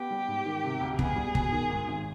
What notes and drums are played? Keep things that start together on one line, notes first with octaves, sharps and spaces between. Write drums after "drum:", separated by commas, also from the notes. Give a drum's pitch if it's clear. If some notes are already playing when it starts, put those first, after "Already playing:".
Already playing: B3 G4
G3
G#2
D#3
C3
D2
B3 G#4, drum: kick
G3
B2, drum: kick
D#3
G#2
G#1